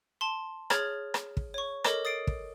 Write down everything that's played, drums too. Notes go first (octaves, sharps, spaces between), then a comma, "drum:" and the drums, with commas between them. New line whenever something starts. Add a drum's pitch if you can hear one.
A5 C6
G#4 C#5 F6 G#6 A6 F#7, drum: rim click
drum: rim click
drum: kick
C#5 C#6
A4 A#4 C#5 D#5 D6, drum: rim click
D#6 A6 C7 D7
drum: kick